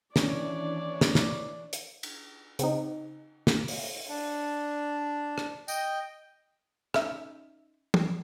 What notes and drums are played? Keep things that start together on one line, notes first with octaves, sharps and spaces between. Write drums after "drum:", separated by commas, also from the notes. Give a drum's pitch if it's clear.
D#2 E3 C#4 D4 C#5 D5 A#5, drum: snare
drum: snare
drum: snare
drum: hi-hat
drum: cymbal
C#3 C4 D#4, drum: hi-hat
drum: snare
drum: open hi-hat
D4
drum: rim click
D#5 G5, drum: tambourine
C#4 D#4 E5, drum: rim click
drum: tom